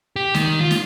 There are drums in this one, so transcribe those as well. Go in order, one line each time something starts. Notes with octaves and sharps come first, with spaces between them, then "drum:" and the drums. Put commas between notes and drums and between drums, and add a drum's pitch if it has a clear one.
G4
D#3, drum: snare
F4
drum: snare